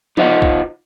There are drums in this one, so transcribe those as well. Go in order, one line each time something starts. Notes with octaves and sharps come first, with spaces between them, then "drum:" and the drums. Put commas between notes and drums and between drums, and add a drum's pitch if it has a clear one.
D#4 F4 C5 D#5 F#5, drum: tom F3
drum: kick